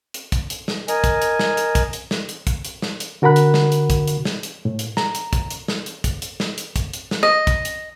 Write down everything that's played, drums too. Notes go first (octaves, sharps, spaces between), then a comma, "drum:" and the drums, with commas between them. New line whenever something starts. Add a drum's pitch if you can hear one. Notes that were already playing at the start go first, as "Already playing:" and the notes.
drum: hi-hat
drum: kick, hi-hat
drum: hi-hat
drum: snare
A#4 D#5 G#5, drum: hi-hat
drum: kick, hi-hat
drum: hi-hat
drum: snare
drum: hi-hat
drum: kick, hi-hat
drum: hi-hat
drum: snare
drum: hi-hat
drum: kick, hi-hat
drum: hi-hat
drum: snare
drum: hi-hat
D3 F#4 A#4 F#5 B5 F#6
drum: hi-hat
drum: snare
drum: hi-hat
drum: kick, hi-hat
drum: hi-hat
drum: snare
drum: hi-hat
A2
drum: hi-hat
A#5, drum: snare
drum: hi-hat
drum: kick, hi-hat
drum: hi-hat
drum: snare
drum: hi-hat
drum: kick, hi-hat
drum: hi-hat
drum: snare
drum: hi-hat
drum: kick, hi-hat
drum: hi-hat
drum: snare
D#5
drum: kick, hi-hat
drum: hi-hat